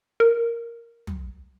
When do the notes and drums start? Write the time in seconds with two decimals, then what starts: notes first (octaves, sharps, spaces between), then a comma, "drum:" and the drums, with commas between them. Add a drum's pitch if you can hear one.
0.20 A#4
1.07 drum: tom